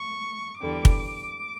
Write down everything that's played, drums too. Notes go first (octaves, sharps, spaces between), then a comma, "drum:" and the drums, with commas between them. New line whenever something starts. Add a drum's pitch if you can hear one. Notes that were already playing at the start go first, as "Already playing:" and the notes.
Already playing: C#6
E2 D3 G3 D6
drum: kick